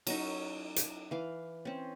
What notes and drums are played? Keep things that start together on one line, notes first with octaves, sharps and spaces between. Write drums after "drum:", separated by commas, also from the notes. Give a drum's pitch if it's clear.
F#3 C#4 D#4, drum: cymbal
drum: hi-hat
E3 F5 D6
C4 C#4